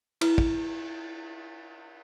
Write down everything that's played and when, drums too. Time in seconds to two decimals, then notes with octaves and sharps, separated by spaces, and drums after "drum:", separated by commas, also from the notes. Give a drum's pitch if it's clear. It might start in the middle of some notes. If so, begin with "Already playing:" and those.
0.21 E4 B4, drum: cymbal
0.38 drum: kick